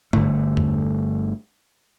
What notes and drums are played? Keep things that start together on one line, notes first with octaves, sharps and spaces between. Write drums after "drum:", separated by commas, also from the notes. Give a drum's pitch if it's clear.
G1 D3 A3, drum: tom G#2
drum: tom